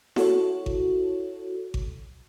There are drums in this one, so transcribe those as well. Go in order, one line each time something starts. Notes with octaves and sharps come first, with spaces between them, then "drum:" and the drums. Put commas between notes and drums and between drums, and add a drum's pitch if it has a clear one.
E4 F#4 A4 C#5, drum: snare E4
drum: kick G#1
drum: kick G#1